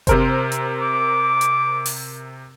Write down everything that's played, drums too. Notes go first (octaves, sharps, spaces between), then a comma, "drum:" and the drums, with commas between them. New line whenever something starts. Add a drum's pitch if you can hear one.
C3 A#4 C5, drum: kick F#1, hi-hat
drum: hi-hat
D6
drum: hi-hat
drum: open hi-hat